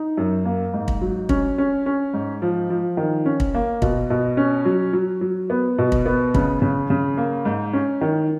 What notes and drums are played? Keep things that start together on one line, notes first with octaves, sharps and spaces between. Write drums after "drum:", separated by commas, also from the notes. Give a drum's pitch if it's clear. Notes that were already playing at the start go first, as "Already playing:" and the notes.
Already playing: D#4
F#2
A#3
G#2
drum: kick
F#3
C#4, drum: kick
C#4
C#4
G#2
F3
F3
D#3
C#4
drum: kick
A#3
B2, drum: kick
B2
C#4
F#3
F#3
F#3
B3
B2
drum: kick
B3
C#3, drum: kick
C#3
C#3
A#3
G#2
C#4
D#3